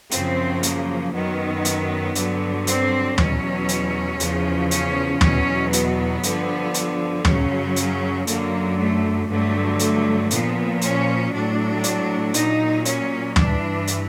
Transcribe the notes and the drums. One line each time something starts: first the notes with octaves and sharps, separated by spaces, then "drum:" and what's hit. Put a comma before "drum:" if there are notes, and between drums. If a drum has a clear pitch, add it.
F#2 C#3 F3 C4, drum: hi-hat
A#3, drum: hi-hat
F#2 D#3 F#3 B3
drum: hi-hat
G2 D3 F#3, drum: hi-hat
C4, drum: hi-hat
E2 B2 F#3 C#4, drum: tom
drum: hi-hat
E2 C#3 F3, drum: hi-hat
C#4, drum: hi-hat
E2 B2 F#3 C#4, drum: tom
B3, drum: hi-hat
G2 D3 F3, drum: hi-hat
drum: hi-hat
F#2 C#3 F#3 C#4, drum: tom
C#4, drum: hi-hat
F#2 D3 F#3 A#3, drum: hi-hat
A3
G2 D3 F#3 A3
A3, drum: hi-hat
A#2 F3 B3, drum: hi-hat
C#4, drum: hi-hat
A2 F#3 D4
drum: hi-hat
A#2 F#3 D#4, drum: hi-hat
C#4, drum: hi-hat
G2 E3 D4, drum: tom
drum: hi-hat